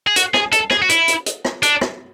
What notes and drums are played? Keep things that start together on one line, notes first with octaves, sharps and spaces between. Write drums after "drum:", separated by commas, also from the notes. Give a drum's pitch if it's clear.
G#4
F#4, drum: hi-hat
G#4, drum: rim click
A4, drum: hi-hat
G#4, drum: rim click
F#4
E4, drum: hi-hat
drum: hi-hat
drum: hi-hat
drum: rim click
D4, drum: hi-hat
drum: rim click